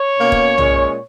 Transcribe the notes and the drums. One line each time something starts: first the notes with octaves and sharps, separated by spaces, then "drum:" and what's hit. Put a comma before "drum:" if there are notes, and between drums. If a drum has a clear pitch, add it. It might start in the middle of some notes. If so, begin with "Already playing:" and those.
Already playing: C#5
B2 A#3 C#4
drum: kick
A#2 G#3 C#4, drum: tom B1